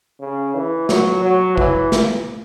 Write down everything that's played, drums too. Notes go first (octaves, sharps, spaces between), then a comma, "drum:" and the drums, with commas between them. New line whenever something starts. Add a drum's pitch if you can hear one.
C#3
E3
F#3, drum: snare
F#3
E3, drum: kick
drum: snare